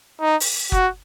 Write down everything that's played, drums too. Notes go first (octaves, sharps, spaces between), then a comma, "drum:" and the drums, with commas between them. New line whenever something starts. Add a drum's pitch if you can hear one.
D#4
drum: open hi-hat
F#4, drum: kick F#1